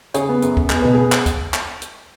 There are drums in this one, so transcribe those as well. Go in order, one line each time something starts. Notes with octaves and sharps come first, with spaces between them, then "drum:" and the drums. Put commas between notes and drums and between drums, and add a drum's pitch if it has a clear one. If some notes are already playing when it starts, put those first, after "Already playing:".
C#3 G#4 C#5, drum: hi-hat
B3
F#2, drum: hi-hat
F#2, drum: kick
B3 G#4, drum: clap
B2 B4
B3 G#4
drum: clap
drum: kick, hi-hat
drum: clap
drum: hi-hat